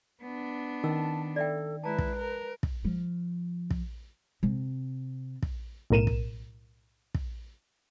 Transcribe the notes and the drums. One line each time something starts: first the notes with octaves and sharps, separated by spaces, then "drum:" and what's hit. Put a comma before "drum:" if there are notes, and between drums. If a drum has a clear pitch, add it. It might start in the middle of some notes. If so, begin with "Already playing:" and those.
B3 D4
D#3 C#4 A5 E6
A4 D5 E5 G5
G#3 E4 B4 A5 A#5
drum: kick
A#4
drum: kick
F3
drum: kick
C3
drum: kick
B1 A2 A#4 D#7 E7
drum: kick
drum: kick